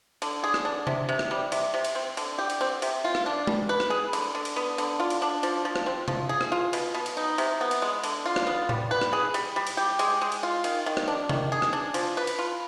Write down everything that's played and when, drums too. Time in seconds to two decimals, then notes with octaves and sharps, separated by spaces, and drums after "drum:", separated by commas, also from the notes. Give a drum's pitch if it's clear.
0.22 D3, drum: cymbal
0.44 G#4
0.54 drum: rim click
0.65 D4
0.87 C3, drum: tom C3
1.09 C3
1.19 drum: rim click
1.31 G3
1.52 C3, drum: cymbal
1.74 C3
1.84 drum: cymbal
1.95 C4
2.17 D3, drum: cymbal
2.39 G4
2.50 drum: cymbal
2.61 C4
2.82 C3, drum: cymbal
3.05 F4
3.15 drum: rim click
3.26 D4
3.47 G3, drum: tom G#3
3.69 B4
3.80 drum: rim click
3.90 G#4
4.13 D3, drum: cymbal
4.35 D3
4.45 drum: cymbal
4.56 B3
4.78 D3, drum: cymbal
5.00 F4
5.10 drum: cymbal
5.22 D4
5.43 F3, drum: cymbal
5.65 F3
5.76 drum: rim click
5.86 C4
6.08 F3, drum: tom C3
6.29 G#4
6.41 drum: rim click
6.52 F4
6.73 B2, drum: cymbal
6.94 B2
7.06 drum: cymbal
7.17 D#4
7.38 C3, drum: cymbal
7.61 B3
7.71 drum: cymbal
7.82 G#3
8.04 D3, drum: cymbal
8.26 F4
8.36 drum: rim click
8.47 B3
8.69 G3, drum: tom
8.91 B4
9.01 drum: rim click
9.13 G#4
9.34 G3, drum: cymbal
9.56 G3
9.67 drum: cymbal
9.77 G4
9.99 G#3, drum: cymbal
10.21 G#3
10.32 drum: cymbal
10.43 F4
10.64 D#3, drum: cymbal
10.86 D#3
10.97 drum: rim click
11.08 D4
11.29 D#3, drum: tom C3
11.52 G#4
11.62 drum: rim click
11.73 D4
11.94 F3, drum: cymbal
12.17 B4
12.27 drum: cymbal
12.39 F4